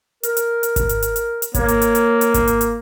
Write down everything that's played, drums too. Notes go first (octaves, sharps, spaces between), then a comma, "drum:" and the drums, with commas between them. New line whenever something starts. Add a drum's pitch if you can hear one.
A#4, drum: hi-hat
drum: hi-hat
drum: hi-hat
drum: kick G#1, hi-hat
drum: hi-hat
drum: hi-hat
drum: hi-hat
drum: hi-hat
A#3 C#5, drum: kick G#1, hi-hat
drum: hi-hat
drum: hi-hat
drum: hi-hat
drum: hi-hat
drum: kick G#1, hi-hat
drum: hi-hat
drum: hi-hat